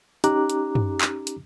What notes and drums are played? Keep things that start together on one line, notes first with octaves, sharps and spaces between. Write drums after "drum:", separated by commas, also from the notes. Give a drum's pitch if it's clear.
C#4 D#4 G4 A#5 D6 F#6, drum: hi-hat
drum: hi-hat
drum: tom
drum: clap
drum: hi-hat